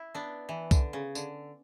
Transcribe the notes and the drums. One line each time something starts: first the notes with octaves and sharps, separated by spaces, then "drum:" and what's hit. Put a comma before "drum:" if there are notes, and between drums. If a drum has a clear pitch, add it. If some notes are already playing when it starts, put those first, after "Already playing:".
Already playing: E4
B3 D4
E3
D3, drum: kick C2, tambourine
C#3
D3, drum: tambourine